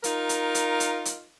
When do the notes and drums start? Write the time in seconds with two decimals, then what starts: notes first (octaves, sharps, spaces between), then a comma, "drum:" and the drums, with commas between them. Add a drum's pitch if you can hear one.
0.04 D#4 F4 A#4, drum: hi-hat
0.29 drum: hi-hat
0.55 drum: hi-hat
0.80 drum: hi-hat
1.05 drum: hi-hat